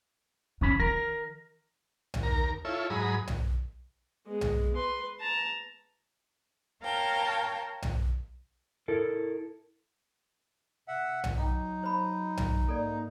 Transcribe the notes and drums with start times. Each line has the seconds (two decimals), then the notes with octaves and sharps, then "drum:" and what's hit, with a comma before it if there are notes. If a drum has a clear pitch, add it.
0.61 C2 D#3 C#4 B5
0.80 D#3 A#4
2.14 drum: tom B1
2.23 D#2 A#4 A#5
2.65 E4 F4 A4 C#5 E5
2.90 G#2 F#3 G#4 A#5 B5 D#6
3.27 drum: tom B1
4.27 G#3 B3
4.41 drum: tom B1
4.73 B4 C6
5.20 A5 A#5
6.83 A#4 C#5 F5 G5 A5
7.82 drum: tom B1
8.88 E4 A4 A#4
10.88 C3 E5 F#5
11.24 drum: tom B1
11.38 F#3 D#4 F#5 G5
11.83 C5 B5
12.37 drum: tom B1
12.68 G#2 A#3 A4 D5